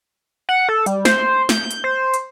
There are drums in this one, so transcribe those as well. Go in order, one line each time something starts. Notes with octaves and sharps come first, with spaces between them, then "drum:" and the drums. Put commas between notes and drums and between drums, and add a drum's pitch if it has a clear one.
F#5
A4
G3, drum: hi-hat
C5, drum: snare
G6, drum: snare
drum: hi-hat
C5
drum: hi-hat